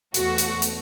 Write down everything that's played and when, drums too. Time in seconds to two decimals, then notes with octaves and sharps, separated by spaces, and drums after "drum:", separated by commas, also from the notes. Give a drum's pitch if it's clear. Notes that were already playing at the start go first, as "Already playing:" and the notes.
0.14 E2 B2 A3 F#4, drum: hi-hat
0.38 drum: hi-hat
0.62 drum: hi-hat